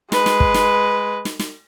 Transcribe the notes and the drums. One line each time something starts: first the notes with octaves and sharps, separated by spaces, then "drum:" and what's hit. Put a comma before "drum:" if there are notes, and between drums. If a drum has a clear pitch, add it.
G#3 B4, drum: snare
drum: snare
drum: kick
drum: snare
drum: snare
drum: snare